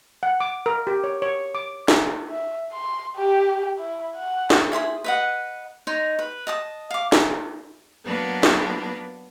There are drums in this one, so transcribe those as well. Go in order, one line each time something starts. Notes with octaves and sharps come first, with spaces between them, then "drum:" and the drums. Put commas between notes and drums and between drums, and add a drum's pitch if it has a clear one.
F#5
D6
A#4
G4
C#5
C#5
D6
drum: snare
E5
C6
G4
E4
F#5
drum: snare
E4 G#4 C6 D#6
B4 D#5 F#5
D#4 C#5 D#5 C6
B4
D#5 A5 D#6
F5 D6
drum: snare
F#3 A#3 B3 D4 B4
drum: snare